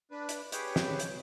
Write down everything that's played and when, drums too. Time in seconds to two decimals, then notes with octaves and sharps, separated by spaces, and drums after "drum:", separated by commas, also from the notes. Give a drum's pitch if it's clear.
0.11 D4 B4
0.29 drum: hi-hat
0.52 G4 G#4 B4 C#5 G5, drum: hi-hat
0.76 drum: snare
0.99 drum: hi-hat